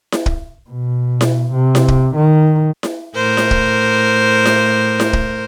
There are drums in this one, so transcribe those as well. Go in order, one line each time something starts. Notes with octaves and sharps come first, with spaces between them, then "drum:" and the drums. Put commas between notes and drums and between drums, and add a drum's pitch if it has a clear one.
drum: snare E4
drum: kick
B2
drum: snare E4
C3
drum: snare E4
drum: kick
D#3
drum: snare E4
A2 A#4 C5
drum: snare E4
drum: kick
drum: snare E4
drum: snare E4
drum: kick